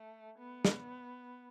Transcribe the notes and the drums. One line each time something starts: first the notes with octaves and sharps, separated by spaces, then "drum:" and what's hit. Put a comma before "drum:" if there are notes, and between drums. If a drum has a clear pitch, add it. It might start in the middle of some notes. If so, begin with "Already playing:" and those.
Already playing: A3
B3
drum: snare